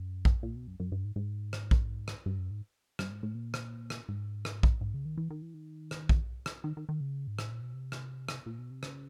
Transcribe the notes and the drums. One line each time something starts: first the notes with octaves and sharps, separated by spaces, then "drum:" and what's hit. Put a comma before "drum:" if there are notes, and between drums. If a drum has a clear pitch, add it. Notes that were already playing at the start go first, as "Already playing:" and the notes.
Already playing: F#2
drum: kick A#1
A#2
B2
F#2
F#2
G2
G#2
G#2
drum: rim click
drum: kick A#1
drum: rim click
G2
F#2
G#2
G2, drum: rim click
G#2
A2
A#2
drum: rim click
drum: rim click
G#2
drum: rim click
drum: kick A#1
G#2
C#3
D#3
E3
D#3
E3
D#3
drum: rim click
drum: kick A#1
drum: rim click
D#3
D#3
D#3
C#3
G#2
A2, drum: rim click
A#2
B2
C3
drum: rim click
drum: rim click
A#2
B2
C3
C#3, drum: rim click